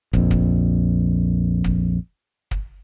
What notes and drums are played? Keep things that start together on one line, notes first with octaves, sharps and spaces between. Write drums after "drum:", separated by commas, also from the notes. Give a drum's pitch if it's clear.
A#1 F2, drum: kick
drum: kick
drum: kick
drum: kick